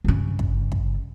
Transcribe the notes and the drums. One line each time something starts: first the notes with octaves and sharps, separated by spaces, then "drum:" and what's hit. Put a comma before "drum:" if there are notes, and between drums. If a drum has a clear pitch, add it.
G2 C#3
drum: kick
drum: kick